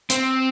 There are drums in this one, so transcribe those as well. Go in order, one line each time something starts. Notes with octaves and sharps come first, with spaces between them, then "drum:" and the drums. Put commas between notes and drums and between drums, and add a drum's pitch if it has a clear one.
C4, drum: hi-hat